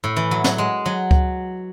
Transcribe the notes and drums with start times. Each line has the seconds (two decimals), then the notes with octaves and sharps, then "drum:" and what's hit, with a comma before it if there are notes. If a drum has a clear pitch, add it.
0.04 A2
0.16 E3
0.31 F#3
0.44 F#3, drum: snare
0.58 G#3
0.86 F#3
1.11 drum: kick C#2